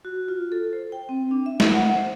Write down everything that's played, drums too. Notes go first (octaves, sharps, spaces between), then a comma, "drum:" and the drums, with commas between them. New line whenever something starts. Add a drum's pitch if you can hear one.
F#4
F4
A4
C5
G5
C4
D4
E5
drum: snare
F#5
C5